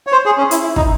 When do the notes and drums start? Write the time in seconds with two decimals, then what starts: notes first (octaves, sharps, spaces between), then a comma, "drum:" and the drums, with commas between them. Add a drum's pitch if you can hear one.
0.07 C#5
0.12 C5
0.26 G#4
0.38 C#4
0.51 E4, drum: hi-hat
0.63 E4
0.76 D#4, drum: kick